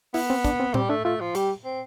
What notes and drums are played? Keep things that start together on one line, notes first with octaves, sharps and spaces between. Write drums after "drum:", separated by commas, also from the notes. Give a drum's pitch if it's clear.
B3 E4, drum: open hi-hat
C4
D4, drum: kick, hi-hat
C4
G3 C4, drum: tom A2
A3 D4
A3 F4
F3
G3 G4, drum: hi-hat
C4